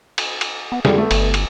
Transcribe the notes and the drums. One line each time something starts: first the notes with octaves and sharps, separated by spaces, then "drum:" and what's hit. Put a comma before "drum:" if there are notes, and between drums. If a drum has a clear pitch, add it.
drum: cymbal
drum: cymbal
B3
F2 D3 G3 G#4, drum: snare
A3 B3
G1, drum: cymbal
drum: cymbal